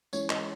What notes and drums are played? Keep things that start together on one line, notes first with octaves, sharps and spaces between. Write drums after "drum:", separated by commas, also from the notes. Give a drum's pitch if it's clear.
E3 G#3 C#4 C#5, drum: tambourine
D#5, drum: clap